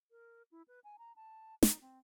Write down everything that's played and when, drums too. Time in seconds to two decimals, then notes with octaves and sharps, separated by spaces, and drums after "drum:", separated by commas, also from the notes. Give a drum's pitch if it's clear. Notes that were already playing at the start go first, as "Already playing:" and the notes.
0.11 A#4
0.51 E4
0.68 B4
0.84 G#5
0.98 A#5
1.16 A5
1.63 D#4, drum: snare
1.81 C4